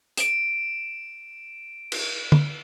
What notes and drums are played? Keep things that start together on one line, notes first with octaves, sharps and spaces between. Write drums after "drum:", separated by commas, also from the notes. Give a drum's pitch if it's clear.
D7 E7, drum: hi-hat
drum: cymbal
drum: tom